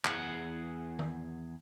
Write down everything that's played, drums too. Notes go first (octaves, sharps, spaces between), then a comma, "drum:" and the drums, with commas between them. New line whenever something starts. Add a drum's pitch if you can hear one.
E2 G#4 F#5, drum: clap
drum: tom D#3